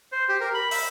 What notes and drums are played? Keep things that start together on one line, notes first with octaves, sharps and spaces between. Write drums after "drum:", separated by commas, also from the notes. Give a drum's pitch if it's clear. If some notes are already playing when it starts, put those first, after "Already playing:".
C5
G4
A#4
B5
E5, drum: open hi-hat